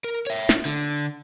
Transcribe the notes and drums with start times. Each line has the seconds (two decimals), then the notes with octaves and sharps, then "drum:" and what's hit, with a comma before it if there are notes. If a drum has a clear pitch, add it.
0.04 A#4
0.27 C#5 E5
0.49 drum: snare
0.65 D3